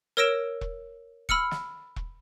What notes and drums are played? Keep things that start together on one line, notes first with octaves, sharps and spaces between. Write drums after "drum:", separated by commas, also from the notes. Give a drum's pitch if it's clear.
A#4 C#5 E6 A#6 D7 E7
drum: kick E1
B5 E6 F6 C#7, drum: kick E1
drum: snare
drum: kick E1